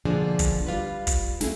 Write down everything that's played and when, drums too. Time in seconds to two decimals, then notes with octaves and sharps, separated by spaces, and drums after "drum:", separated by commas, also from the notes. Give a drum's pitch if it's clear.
0.05 B2 D3 F3 A#3 D4 G#4
0.39 drum: kick, hi-hat
0.66 G3 F4 B4
1.07 drum: kick, hi-hat
1.41 G#3 A3 G#4, drum: snare